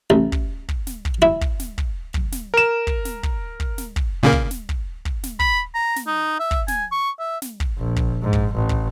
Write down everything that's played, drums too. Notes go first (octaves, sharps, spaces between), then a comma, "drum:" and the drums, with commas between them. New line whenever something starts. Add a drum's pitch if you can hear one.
A1
drum: kick
drum: kick
drum: snare
drum: kick
E4
drum: kick
drum: snare
drum: kick
drum: kick
drum: snare
A#4 E7
drum: kick
drum: snare
drum: kick
drum: kick
drum: snare
drum: kick
A#2 C#3 A#3
drum: kick
drum: snare
drum: kick
drum: kick
drum: snare
B5, drum: kick
A#5
drum: snare
D#4
E5
drum: kick
G#5, drum: snare
C#6
E5
drum: snare
drum: kick
A#1
drum: kick
G#2
drum: kick
A1
drum: kick